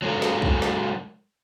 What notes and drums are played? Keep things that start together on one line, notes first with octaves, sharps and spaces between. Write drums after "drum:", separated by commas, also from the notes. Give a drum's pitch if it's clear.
F#3 G#3 A4 A#4
drum: snare
drum: kick
drum: snare